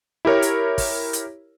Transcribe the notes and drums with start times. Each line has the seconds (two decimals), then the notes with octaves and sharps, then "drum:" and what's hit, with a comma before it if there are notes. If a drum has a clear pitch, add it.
0.25 E4 G4 A#4 C#5
0.42 drum: hi-hat
0.78 drum: kick, open hi-hat
1.13 drum: hi-hat